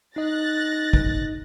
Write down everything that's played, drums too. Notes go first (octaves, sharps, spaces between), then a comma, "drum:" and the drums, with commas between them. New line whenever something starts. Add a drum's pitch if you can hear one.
D#4 D#5 F#6 A6 A#6
drum: kick